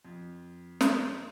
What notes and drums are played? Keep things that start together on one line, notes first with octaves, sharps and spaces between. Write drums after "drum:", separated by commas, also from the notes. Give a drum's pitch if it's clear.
F2
drum: snare